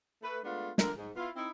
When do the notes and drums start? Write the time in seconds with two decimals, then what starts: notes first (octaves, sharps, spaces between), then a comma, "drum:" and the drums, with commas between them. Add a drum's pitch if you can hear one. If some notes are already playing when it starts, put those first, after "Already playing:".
0.23 A3 B4
0.44 G#3 A3 B3 D4 F4
0.78 D3 A#4, drum: snare
0.97 G#2
1.16 B3 E4 F4
1.36 C4 D#4 E4